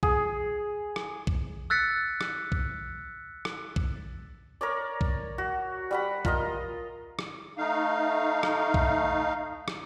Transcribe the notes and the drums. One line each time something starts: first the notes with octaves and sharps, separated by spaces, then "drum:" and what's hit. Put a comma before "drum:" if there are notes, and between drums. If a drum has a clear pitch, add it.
G#4, drum: kick B1
drum: rim click
drum: kick B1
E6 F#6 A6 B6 C#7
drum: rim click
drum: kick B1
drum: rim click
drum: kick B1
A#4 C#5 D5
drum: kick B1
F#4
G3 F#5 B5
F4 A#4 D#5, drum: kick B1
drum: rim click
A3 D#4 F5
drum: rim click
drum: kick B1
drum: rim click